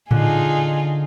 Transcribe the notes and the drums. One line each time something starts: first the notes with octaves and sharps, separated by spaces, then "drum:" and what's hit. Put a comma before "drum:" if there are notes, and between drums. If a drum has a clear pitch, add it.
D3 D#4 F4 G#4, drum: tom A2